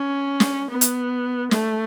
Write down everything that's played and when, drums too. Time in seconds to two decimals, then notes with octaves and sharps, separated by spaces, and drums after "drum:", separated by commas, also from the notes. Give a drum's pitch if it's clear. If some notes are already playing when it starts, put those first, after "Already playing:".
Already playing: C#4
0.40 drum: snare
0.70 B3
0.81 drum: hi-hat
1.51 A3, drum: snare